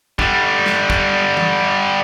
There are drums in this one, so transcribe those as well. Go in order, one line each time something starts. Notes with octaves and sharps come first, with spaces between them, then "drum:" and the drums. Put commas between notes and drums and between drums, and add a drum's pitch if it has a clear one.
D3 G3, drum: kick
drum: snare
drum: kick
drum: tom E3